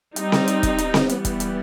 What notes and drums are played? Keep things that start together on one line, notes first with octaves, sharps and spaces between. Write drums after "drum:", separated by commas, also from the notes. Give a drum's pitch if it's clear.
G3 C4 D#4, drum: hi-hat
drum: snare C4
drum: hi-hat
drum: kick E1, hi-hat
drum: hi-hat
drum: snare C4
E3 G3 B3, drum: hi-hat
drum: kick E1, hi-hat
drum: hi-hat